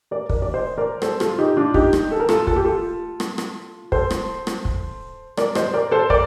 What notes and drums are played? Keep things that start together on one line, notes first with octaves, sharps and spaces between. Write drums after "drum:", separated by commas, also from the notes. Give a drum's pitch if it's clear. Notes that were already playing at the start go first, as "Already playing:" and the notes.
A#4 D5
A#4 D5, drum: kick
D5
C5 D#5
A#4 D5
A4 C5, drum: rim click
F4 A4, drum: rim click
D#4 G4
D4 F4
D#4 G4, drum: kick
drum: rim click
A4
A#4
F4 A4, drum: rim click
A4, drum: kick
G4
F4 A4
drum: rim click
drum: rim click
A4 C5, drum: kick
drum: rim click
drum: rim click
drum: kick
A#4 D5, drum: rim click
C5 D#5, drum: rim click
A#4 D5
A4 C5
A#4 D5, drum: kick